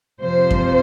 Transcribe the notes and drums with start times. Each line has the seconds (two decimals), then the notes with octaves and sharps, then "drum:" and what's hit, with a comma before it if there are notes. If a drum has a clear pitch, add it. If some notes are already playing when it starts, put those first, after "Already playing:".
0.21 F2 C3 F3 C5
0.51 drum: kick F#2